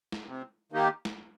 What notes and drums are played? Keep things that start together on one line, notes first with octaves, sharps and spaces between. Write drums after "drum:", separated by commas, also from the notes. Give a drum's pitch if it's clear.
drum: snare
C3
D#3 A#3 D#4 G4
drum: snare